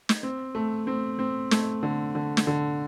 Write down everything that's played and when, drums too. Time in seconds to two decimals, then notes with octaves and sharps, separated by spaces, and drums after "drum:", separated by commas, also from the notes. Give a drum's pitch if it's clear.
0.09 drum: snare
0.23 C4
0.55 A3
0.87 C4
1.19 C4
1.51 A3, drum: snare
1.83 D3
2.15 D3
2.37 drum: snare
2.47 D3